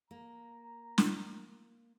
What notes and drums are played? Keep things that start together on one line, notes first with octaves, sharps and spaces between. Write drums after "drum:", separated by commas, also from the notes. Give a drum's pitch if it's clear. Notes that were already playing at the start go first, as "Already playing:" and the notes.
A#3 A#5
drum: snare